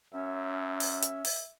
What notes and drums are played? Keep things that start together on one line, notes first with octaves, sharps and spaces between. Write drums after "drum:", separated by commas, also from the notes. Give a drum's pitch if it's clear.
F#2 C#4 E5
drum: open hi-hat
drum: hi-hat
drum: open hi-hat